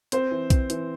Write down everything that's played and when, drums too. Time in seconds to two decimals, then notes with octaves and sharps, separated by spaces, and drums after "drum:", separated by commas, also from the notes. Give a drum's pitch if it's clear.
0.12 C4 C5, drum: hi-hat
0.31 E3
0.50 C4, drum: kick, hi-hat
0.70 E3, drum: hi-hat